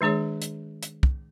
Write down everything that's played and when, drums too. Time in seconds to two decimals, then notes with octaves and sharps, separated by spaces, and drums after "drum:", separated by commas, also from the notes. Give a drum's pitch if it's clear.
0.01 D#3 G#3 D4 G#4 C#5
0.42 drum: hi-hat
0.83 drum: hi-hat
1.03 drum: kick